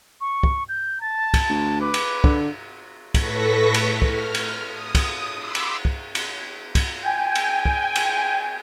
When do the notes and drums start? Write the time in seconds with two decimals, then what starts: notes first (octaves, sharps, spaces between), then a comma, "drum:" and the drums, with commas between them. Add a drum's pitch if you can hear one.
0.21 C#6
0.43 drum: kick
0.69 G6
1.01 A5 A6
1.34 drum: kick, cymbal
1.49 D2
1.81 B4 D6
1.94 drum: cymbal
2.24 D3, drum: kick
3.14 A2 A4 B4 C#6 A#6 B6, drum: kick, cymbal
3.74 drum: cymbal
4.02 F6, drum: kick
4.34 drum: cymbal
4.63 D#6
4.95 drum: kick, cymbal
5.36 B5 C6 D6 E6
5.55 drum: cymbal
5.85 drum: kick
6.15 drum: cymbal
6.75 drum: kick, cymbal
7.02 G5 G#5
7.35 drum: cymbal
7.65 drum: kick
7.95 drum: cymbal